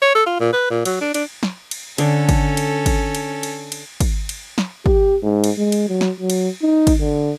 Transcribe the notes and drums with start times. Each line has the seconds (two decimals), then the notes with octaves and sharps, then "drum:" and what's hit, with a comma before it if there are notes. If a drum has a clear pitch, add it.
0.02 C#5
0.15 A4
0.26 F4
0.40 A#2
0.53 B4
0.70 A#2
0.85 F#3, drum: cymbal
1.01 D4
1.14 D4, drum: cymbal
1.43 drum: snare
1.71 drum: cymbal
1.98 D3 C#4 A4, drum: cymbal
2.29 drum: kick, cymbal
2.57 drum: cymbal
2.86 drum: kick, cymbal
3.15 drum: cymbal
3.43 drum: cymbal
3.72 drum: cymbal
4.00 drum: kick, cymbal
4.29 drum: cymbal
4.58 drum: snare
4.86 G4, drum: kick
5.23 G#2
5.44 drum: cymbal
5.58 G#3
5.72 drum: cymbal
5.89 F#3
6.01 drum: snare
6.20 F#3
6.30 drum: cymbal
6.62 D#4
6.87 drum: kick, cymbal
7.01 D3